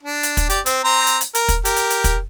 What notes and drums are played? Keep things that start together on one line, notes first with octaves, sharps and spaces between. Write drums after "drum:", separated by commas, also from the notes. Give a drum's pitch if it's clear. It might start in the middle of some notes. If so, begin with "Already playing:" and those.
D4
drum: hi-hat
drum: kick, hi-hat
G4 D5, drum: hi-hat
C4, drum: hi-hat
C4 C5 A#5
drum: hi-hat
drum: hi-hat
A#4, drum: hi-hat
drum: kick, hi-hat
G4 A#4, drum: hi-hat
drum: hi-hat
drum: hi-hat
drum: kick, hi-hat